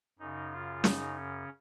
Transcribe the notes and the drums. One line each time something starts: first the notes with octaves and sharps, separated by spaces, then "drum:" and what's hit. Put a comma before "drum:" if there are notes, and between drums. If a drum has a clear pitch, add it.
F#2 C#3 D#4
F4
D#4, drum: snare
C#4